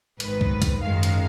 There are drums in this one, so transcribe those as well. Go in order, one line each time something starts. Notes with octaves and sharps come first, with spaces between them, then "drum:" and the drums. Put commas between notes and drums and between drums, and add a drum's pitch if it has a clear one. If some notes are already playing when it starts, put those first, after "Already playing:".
G#1 G#2 D#3 B4, drum: hi-hat
drum: kick
drum: kick, hi-hat
G#1 F#2 D#3 G#3 F5
drum: hi-hat